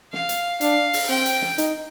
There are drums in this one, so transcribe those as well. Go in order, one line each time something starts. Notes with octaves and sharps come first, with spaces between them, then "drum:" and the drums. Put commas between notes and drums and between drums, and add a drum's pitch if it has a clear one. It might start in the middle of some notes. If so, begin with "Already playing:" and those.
F5, drum: snare
drum: hi-hat
D4 F5, drum: hi-hat
drum: open hi-hat
C4 G5
drum: hi-hat
drum: snare
D#4, drum: hi-hat